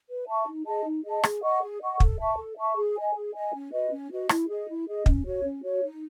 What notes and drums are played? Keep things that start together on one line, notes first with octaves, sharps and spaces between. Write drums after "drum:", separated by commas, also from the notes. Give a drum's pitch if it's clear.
B4
E5 A5 C#6
D#4
G#4 D#5 A5
D#4
G#4 D#5 A5
G#4, drum: rim click
D#5 F#5 C#6
G#4
D#5 F#5 C#6
A4, drum: kick
E5 A5 C#6
A4
E5 A5 C#6
G#4
D#5 G#5
G#4
D#5 G#5
C#4
F#4 B4 D#5
C#4
F#4 B4 D#5
E4, drum: rim click
G#4 D#5
E4
G#4 D#5
C#4, drum: kick
F#4 C#5
C#4
F#4 C#5
D#4